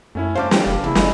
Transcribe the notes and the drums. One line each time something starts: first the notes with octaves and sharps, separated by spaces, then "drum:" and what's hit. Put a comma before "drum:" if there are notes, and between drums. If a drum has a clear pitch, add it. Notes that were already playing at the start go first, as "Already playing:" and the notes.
F#2 A3 C#4 E4
G2 B2 C#4 C5 F5 A5 D6
E3 E4 G4, drum: snare
F1
E2 C#3 E4
G1 G#4 D#5, drum: snare